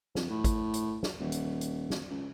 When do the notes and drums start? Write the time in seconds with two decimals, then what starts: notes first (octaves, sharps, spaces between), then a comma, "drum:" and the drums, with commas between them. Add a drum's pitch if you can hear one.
0.15 F2, drum: snare
0.30 A2
0.44 drum: kick, hi-hat
0.74 drum: hi-hat
1.03 drum: snare
1.20 D#1
1.32 drum: hi-hat
1.61 drum: hi-hat
1.90 drum: snare
2.10 C#2